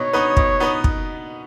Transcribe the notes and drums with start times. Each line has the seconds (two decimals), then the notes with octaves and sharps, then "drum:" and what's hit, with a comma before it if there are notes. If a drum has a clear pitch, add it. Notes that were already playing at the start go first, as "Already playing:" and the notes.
Already playing: B2 B3 D#4 C#5
0.13 B3 D#4 B4
0.37 B2, drum: kick
0.60 B3 D#4 B4
0.84 drum: kick